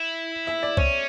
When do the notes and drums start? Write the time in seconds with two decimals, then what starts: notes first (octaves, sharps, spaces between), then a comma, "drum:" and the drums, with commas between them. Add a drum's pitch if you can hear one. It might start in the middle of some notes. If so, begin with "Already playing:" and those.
Already playing: E4
0.47 E5
0.63 D5
0.77 C#4 C#5, drum: kick